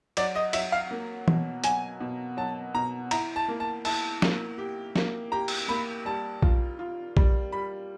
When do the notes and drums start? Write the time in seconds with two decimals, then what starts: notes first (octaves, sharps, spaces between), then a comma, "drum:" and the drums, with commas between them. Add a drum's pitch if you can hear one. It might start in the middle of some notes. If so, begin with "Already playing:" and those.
0.17 F#3 D5, drum: cymbal
0.35 D#5
0.53 F#3 E5, drum: cymbal
0.72 F5
0.91 A#3
1.28 B2, drum: tom
1.64 F#3 G#5, drum: hi-hat
2.00 B2
2.37 F#3 A5
2.74 B2 A#5
3.11 E4 A#5, drum: cymbal
3.36 A5
3.48 A#3
3.60 A5
3.85 E4 A5, drum: cymbal
4.22 A#3, drum: snare
4.58 G4
4.96 A#3, drum: snare
5.32 G4 A#5
5.48 drum: cymbal
5.68 A#3 B5
6.05 G3 A5
6.42 F4, drum: kick A#1
6.79 F4
7.17 G3, drum: kick A#1
7.52 G3 B5